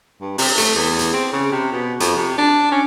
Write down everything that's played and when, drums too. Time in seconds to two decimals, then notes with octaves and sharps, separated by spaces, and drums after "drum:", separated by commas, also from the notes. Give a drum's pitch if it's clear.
0.21 G2
0.38 C3, drum: open hi-hat
0.58 A3, drum: hi-hat
0.75 E2
0.99 drum: hi-hat
1.13 C4
1.33 C#3
1.52 C3
1.72 B2
2.00 F2, drum: hi-hat
2.16 C3
2.38 D4
2.71 C#4